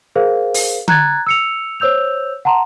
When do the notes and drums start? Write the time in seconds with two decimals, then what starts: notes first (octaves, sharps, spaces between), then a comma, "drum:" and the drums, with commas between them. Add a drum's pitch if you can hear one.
0.16 G#4 A#4 C5 F5
0.54 drum: open hi-hat
0.88 A#5 F#6 G#6 A6, drum: tom D3
1.27 E6 C#7 F7
1.80 C5 C#5 E6 G6 F7
2.45 F#5 A5 A#5 C6